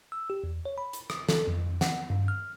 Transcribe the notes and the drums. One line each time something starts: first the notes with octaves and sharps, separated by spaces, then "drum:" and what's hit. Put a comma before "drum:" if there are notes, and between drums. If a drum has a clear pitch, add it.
E6
G4
E2
C#5
B5
drum: hi-hat
D#6, drum: rim click
A4, drum: snare
F2
F#5, drum: snare
G2
F6